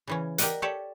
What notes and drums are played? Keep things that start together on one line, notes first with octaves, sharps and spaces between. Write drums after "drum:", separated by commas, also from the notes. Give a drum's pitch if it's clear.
C#3 E3 C#4
G4 A#4 D5 D#5 F#5, drum: hi-hat
G4 A4 C#5 D5 E5